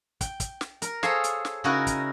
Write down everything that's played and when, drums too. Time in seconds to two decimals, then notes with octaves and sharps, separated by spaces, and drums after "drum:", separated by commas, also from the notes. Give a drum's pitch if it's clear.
0.21 G5, drum: kick, hi-hat
0.40 drum: kick, hi-hat
0.61 drum: snare
0.82 A#4, drum: hi-hat
1.03 G#4 A4 C5 C#5 F5, drum: snare
1.24 drum: hi-hat
1.45 drum: snare
1.64 C#3 C#4 D#4 E4 F#4 A#4
1.87 drum: kick, hi-hat